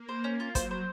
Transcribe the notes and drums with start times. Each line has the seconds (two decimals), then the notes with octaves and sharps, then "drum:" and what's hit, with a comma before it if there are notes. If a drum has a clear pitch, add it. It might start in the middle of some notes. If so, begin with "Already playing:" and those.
Already playing: A#3
0.09 C5
0.24 C#4
0.40 F4
0.55 F#3 C5, drum: kick, hi-hat
0.71 C5